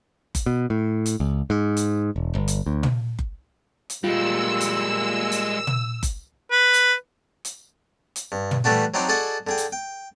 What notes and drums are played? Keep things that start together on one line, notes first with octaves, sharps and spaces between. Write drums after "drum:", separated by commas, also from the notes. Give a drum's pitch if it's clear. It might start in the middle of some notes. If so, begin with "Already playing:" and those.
drum: kick F#1, hi-hat
B2
A2
drum: hi-hat
C#2
G#2
drum: hi-hat
E1
G1
drum: hi-hat
D2
drum: tom
drum: kick F#1
drum: hi-hat
A#2 G3 G#3 F4 E6
drum: hi-hat
drum: hi-hat
drum: tom
drum: kick F#1, hi-hat
B4
drum: hi-hat
drum: hi-hat
drum: hi-hat
G2
drum: tom
E3 G3 A3 D4 F#4
F#3 C4 D4 D#4 C5 D5
F#4 G#4 A4 D5 D#5 F#5
D3 G#4 G5
drum: hi-hat
G5